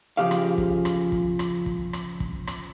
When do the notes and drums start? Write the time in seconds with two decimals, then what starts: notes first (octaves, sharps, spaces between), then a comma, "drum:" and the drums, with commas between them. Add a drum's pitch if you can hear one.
0.17 C#3 F3 G4 G#4 F5
0.31 drum: rim click
0.58 drum: kick
0.85 drum: rim click
1.12 drum: kick
1.39 drum: rim click
1.66 drum: kick
1.93 drum: rim click
2.20 drum: kick
2.47 drum: rim click